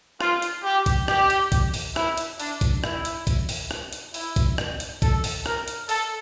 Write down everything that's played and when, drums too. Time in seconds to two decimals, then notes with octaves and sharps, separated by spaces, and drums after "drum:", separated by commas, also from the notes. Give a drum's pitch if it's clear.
0.21 F4, drum: rim click
0.42 drum: hi-hat
0.64 G4
0.86 drum: kick B1, hi-hat
1.08 G4, drum: rim click
1.30 drum: hi-hat
1.52 drum: kick B1, hi-hat
1.74 drum: open hi-hat
1.96 E4, drum: rim click
2.17 drum: hi-hat
2.40 D4, drum: open hi-hat
2.61 drum: kick B1, hi-hat
2.84 E4, drum: rim click
3.05 drum: hi-hat
3.27 drum: kick B1, hi-hat
3.49 drum: open hi-hat
3.71 drum: rim click
3.93 drum: hi-hat
4.14 E4, drum: open hi-hat
4.36 drum: kick B1, hi-hat
4.58 drum: rim click
4.80 drum: hi-hat
5.02 A4, drum: kick B1, hi-hat
5.24 drum: open hi-hat
5.46 A#4, drum: rim click
5.68 drum: hi-hat
5.89 A4, drum: open hi-hat